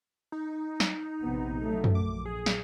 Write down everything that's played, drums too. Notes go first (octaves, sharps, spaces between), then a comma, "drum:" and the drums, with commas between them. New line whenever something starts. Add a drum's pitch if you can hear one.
D#4
drum: snare
A#1 C3 B3
F#3 A3
drum: tom F#2
A#1 D6
G#4
drum: snare